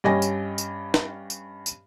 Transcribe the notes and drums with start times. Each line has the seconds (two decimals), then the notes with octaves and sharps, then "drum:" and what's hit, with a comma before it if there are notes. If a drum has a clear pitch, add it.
0.04 G2 C#4 G4 D#5 G#5 A#6
0.22 drum: tambourine
0.58 drum: tambourine
0.94 drum: snare
1.30 drum: tambourine
1.66 drum: tambourine